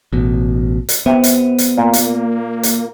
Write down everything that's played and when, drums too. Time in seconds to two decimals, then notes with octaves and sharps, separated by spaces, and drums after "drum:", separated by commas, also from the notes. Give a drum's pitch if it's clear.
0.13 A1 B2
0.89 drum: hi-hat
1.06 C3 B3 E4
1.24 drum: hi-hat
1.58 drum: hi-hat
1.78 A#2 A#3
1.93 drum: hi-hat
2.63 drum: hi-hat